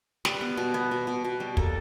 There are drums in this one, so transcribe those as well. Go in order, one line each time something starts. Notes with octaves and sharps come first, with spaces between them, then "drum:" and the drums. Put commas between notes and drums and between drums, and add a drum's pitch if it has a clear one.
G3 B4, drum: snare
B3
B2
B3
B2
B2
B2
G3
A#3 A4, drum: kick